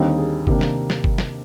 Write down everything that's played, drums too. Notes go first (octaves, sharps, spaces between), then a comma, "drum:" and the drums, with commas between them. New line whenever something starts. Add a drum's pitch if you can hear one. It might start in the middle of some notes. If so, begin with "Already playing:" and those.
Already playing: D#2 D3 G3 C4 D#4
G#4
C3 D#3 A#3 D4 G4, drum: kick G1
drum: snare
drum: snare
drum: kick G1
drum: snare